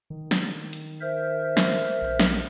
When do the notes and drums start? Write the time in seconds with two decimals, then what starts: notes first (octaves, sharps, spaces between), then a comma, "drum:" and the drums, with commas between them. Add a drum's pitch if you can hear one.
0.10 D#3
0.31 drum: snare
0.73 drum: hi-hat
1.01 A#4 C5 E5
1.57 drum: snare
2.02 A#1
2.20 drum: snare